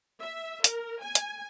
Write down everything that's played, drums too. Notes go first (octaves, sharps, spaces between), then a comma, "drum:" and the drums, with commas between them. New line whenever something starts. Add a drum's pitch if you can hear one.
E5
A#4, drum: hi-hat
G#5
drum: hi-hat